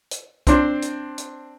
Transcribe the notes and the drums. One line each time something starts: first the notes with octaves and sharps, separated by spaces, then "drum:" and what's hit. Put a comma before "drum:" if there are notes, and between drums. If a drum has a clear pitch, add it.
drum: hi-hat
C4 D4 C5, drum: kick, hi-hat
drum: hi-hat
drum: hi-hat